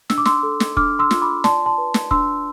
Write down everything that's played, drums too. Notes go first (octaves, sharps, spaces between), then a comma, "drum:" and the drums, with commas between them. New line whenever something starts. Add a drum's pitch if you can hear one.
D4 E6, drum: snare
D6
C6 E6, drum: snare
A4
drum: snare
D4 D6 F6, drum: kick
C6 E6
F4, drum: snare
B5 D6
D5 A5 C6, drum: snare
A5 C6
B4
drum: snare
D4 C6 E6, drum: kick